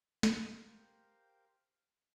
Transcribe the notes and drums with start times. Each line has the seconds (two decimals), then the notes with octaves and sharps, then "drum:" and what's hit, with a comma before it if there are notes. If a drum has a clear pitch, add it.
0.23 G4 A#4 C5 F5 G5, drum: snare